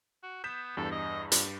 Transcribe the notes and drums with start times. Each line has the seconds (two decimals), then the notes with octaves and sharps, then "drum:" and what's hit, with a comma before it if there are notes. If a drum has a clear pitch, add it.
0.23 F#4
0.44 B3 G6 B6 E7
0.77 E2 G2 A4
0.91 D#5
1.32 G2 G3, drum: hi-hat